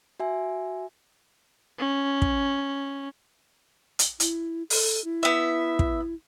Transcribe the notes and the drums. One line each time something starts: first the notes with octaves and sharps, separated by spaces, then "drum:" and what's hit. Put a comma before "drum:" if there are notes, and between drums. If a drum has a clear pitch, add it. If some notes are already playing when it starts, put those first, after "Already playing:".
F#4 E5 G#5
C#4
drum: kick
drum: hi-hat
E4, drum: hi-hat
A4, drum: open hi-hat
E4
B3 E5
drum: kick